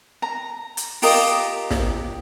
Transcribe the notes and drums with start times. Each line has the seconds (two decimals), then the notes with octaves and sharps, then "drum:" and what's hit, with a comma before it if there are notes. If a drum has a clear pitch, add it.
0.22 A#5
0.77 drum: hi-hat
1.02 F4 G4 A#4 D#5, drum: open hi-hat
1.71 drum: snare